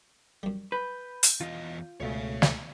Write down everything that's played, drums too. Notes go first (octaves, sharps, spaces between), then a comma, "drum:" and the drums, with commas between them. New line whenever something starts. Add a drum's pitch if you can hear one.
F#2 G3
B4 G6
drum: hi-hat
E2 F4 D#5
C#2 B2 A3 C#5 F5
drum: snare